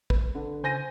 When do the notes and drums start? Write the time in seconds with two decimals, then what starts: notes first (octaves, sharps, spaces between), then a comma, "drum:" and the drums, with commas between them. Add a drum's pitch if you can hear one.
0.10 B4, drum: kick
0.35 D3
0.64 C#3 C5 G#5 G6 A#6 D#7